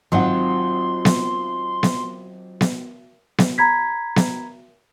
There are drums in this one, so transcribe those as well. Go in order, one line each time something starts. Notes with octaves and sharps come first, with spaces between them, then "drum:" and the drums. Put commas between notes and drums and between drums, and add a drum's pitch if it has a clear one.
G#1 F#3 C4 F4 F#5 C6
drum: snare B3
drum: snare B3
drum: snare B3
drum: snare B3
A#5 B5 G#6 B6
drum: snare B3